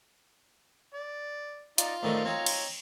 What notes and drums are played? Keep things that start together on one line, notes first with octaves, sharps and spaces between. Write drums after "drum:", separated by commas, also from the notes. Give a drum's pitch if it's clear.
D5
D#4 F4 D5, drum: hi-hat
A2 D#3 A3 C4 D#4 D5
C4 D#4 C#5 A#5
drum: cymbal